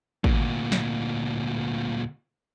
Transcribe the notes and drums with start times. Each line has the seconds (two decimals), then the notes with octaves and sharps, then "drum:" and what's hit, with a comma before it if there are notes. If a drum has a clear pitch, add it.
0.24 D2 A#2, drum: kick
0.72 drum: snare